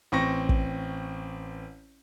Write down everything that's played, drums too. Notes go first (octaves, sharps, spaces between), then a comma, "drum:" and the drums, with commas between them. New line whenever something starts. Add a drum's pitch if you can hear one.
A1 C4 C#6 A#6
drum: kick